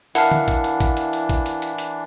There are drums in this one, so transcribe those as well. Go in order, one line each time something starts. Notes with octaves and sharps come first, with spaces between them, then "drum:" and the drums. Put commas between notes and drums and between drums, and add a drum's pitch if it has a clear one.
E3 D4 E4 A#4 F5 F#5 A5, drum: open hi-hat
drum: tom
drum: kick, hi-hat
drum: hi-hat
drum: kick, hi-hat
drum: hi-hat
drum: hi-hat
drum: kick, hi-hat
drum: hi-hat
drum: hi-hat
drum: hi-hat